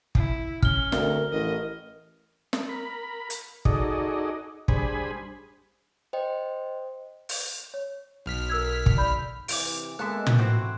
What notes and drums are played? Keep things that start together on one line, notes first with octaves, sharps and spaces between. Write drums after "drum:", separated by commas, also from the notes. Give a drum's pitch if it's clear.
E4, drum: kick
C#4 F6 G7, drum: kick
D2 A#4, drum: snare
A1 D#5
drum: snare
A#4 B5
drum: hi-hat
D#4 F#4 G#4 A4 D5 D#5, drum: kick
G3 D4 G#4 C5 G#5 B5, drum: kick
C5 D#5 G5
drum: open hi-hat
C#5
B1 F6 B6
A#4 E6 G#6
drum: kick
D5 B5 G6
C3 E3 D6 D7, drum: open hi-hat
G#3 A#3 B3 A4 E5 F#6
drum: tom
C4 E4 F#4